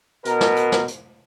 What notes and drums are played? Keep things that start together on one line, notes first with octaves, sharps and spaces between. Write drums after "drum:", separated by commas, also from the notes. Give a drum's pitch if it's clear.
B2 A#4, drum: hi-hat
drum: snare
drum: hi-hat
drum: snare
drum: hi-hat